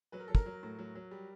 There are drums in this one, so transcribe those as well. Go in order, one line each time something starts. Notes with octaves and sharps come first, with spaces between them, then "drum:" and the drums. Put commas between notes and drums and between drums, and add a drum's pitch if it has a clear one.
F#3 B4
A#4
F#3 A4
A#4, drum: kick
F#3
A2
F#3
F#3
G3